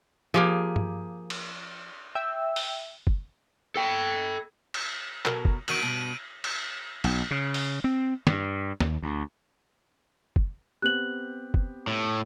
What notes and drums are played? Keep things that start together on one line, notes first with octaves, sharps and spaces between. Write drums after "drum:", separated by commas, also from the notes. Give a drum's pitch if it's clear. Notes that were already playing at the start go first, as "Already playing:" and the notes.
F3 A#3 G4 G#4
drum: tom G2
drum: cymbal
E5 G5 E6
drum: open hi-hat
drum: kick F#1
A4 G5
drum: cymbal
B2 F#3 A#4, drum: clap
drum: kick F#1
E2 D#3 F#4 D7 D#7 F#7, drum: cymbal
G2 B2
drum: cymbal
B1, drum: cymbal
C#3
drum: open hi-hat
C4
G2, drum: snare
D#2, drum: snare
D2
drum: kick F#1
B3 C4 G4 F#6 F#7
drum: kick F#1
A2